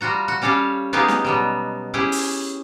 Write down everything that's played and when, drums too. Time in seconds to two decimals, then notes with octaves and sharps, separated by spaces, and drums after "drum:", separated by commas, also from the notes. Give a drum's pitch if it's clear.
0.01 G3 F4 F#4 A#5
0.28 F#4
0.42 G3 C#4 G4 A4 F5
0.93 B3 D#4 G4 G#4 F5
1.08 drum: snare
1.25 B2 F#3 G3
1.94 C#4 E4 G4 G#4
2.12 drum: open hi-hat